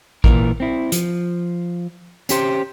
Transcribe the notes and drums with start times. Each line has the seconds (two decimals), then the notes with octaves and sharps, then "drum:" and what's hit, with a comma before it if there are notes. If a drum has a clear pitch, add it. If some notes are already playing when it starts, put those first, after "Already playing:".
0.24 A#2 E3 A#4, drum: kick
0.60 C4 E4
0.92 F3, drum: hi-hat
2.29 C#4 G4 C5, drum: hi-hat